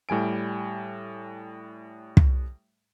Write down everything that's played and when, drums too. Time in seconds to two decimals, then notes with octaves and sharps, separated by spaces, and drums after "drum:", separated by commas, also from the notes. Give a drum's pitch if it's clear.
0.09 A2 G3 G#5 D7
2.17 drum: kick